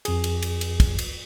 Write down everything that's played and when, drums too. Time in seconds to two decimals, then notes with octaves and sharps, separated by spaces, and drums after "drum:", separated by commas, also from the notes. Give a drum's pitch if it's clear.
0.05 F2 G#4, drum: cymbal
0.24 drum: cymbal
0.42 drum: cymbal
0.61 drum: cymbal
0.80 drum: kick, cymbal
0.99 drum: cymbal